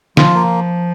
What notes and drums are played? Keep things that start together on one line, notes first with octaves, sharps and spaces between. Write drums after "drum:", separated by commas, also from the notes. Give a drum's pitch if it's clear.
F3 F4, drum: snare
A#3